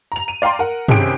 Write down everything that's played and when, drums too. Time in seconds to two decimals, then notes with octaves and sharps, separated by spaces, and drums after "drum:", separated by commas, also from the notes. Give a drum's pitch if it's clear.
0.12 A#5 F7
0.28 D#7
0.42 D5 F5 G5 A#5 C6
0.59 A#4 F#5
0.88 G#1 C3 C#4 G#4 G5 D7, drum: tom